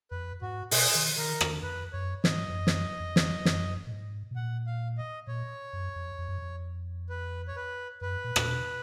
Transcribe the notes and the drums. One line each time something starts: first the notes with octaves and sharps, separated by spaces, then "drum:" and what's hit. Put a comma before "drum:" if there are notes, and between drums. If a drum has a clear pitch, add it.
F2 B4
G#2 F#4
B2 G#4, drum: open hi-hat
D#3
D#3 A#4
D#3, drum: rim click
F2 B4
F#2 C#5
G#2 D#5, drum: snare
F2
F#2
drum: snare
F2
drum: snare
F#2, drum: snare
A#2
G#2
B2
A#2 F#5
F5
D#5
A#2 C#5
F#2
F2
F2
F#2
F2
B4
C#5
B4
F#2 B4
A#2
A#2, drum: rim click
B2